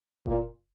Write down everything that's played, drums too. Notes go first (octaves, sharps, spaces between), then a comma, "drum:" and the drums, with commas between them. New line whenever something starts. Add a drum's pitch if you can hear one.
A#2, drum: kick F#1